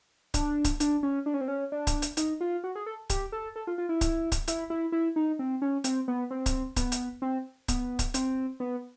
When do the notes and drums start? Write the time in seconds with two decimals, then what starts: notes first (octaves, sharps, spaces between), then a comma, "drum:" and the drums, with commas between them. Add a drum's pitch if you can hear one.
0.34 D4, drum: kick C#1, hi-hat
0.65 drum: kick C#1, hi-hat
0.80 D4, drum: hi-hat
1.03 C#4
1.26 D4
1.34 C#4
1.41 C4
1.48 C#4
1.72 D4
1.87 drum: kick C#1, hi-hat
2.02 drum: hi-hat
2.17 D#4, drum: hi-hat
2.41 F4
2.64 F#4
2.75 G#4
2.86 A4
3.10 G4, drum: kick C#1, hi-hat
3.32 A4
3.56 A4
3.67 F4
3.78 F4
3.89 E4
4.01 drum: kick C#1, hi-hat
4.32 drum: kick C#1, hi-hat
4.48 E4, drum: hi-hat
4.70 E4
4.92 E4
5.16 D#4
5.39 C4
5.62 C#4
5.84 C4, drum: hi-hat
6.08 B3
6.31 C4
6.46 drum: kick C#1, hi-hat
6.76 B3, drum: kick C#1, hi-hat
6.92 drum: hi-hat
7.22 C4
7.68 B3, drum: kick C#1, hi-hat
7.99 drum: kick C#1, hi-hat
8.14 C4, drum: hi-hat
8.60 B3